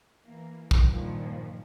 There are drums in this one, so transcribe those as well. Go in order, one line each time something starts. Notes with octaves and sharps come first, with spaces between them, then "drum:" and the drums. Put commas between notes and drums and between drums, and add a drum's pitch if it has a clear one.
E3 A#3
drum: kick
G2 A#2 D#3 F3